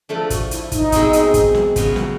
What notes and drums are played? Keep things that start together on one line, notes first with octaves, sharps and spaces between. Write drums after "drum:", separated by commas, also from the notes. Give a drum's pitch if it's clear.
F3 A3 D4 A4
F#4, drum: kick, hi-hat
E4, drum: hi-hat
D#4, drum: kick, hi-hat
B2 G#3 C4 E4, drum: kick, hi-hat
drum: hi-hat
drum: kick, hi-hat
drum: snare
C#3 F#3 B3, drum: kick, hi-hat
drum: snare